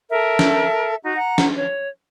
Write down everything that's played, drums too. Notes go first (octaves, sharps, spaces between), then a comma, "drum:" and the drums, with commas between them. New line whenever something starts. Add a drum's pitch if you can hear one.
A4 A#4 E5
drum: snare
D#4 F#4
F#5 A#5
drum: snare
C#5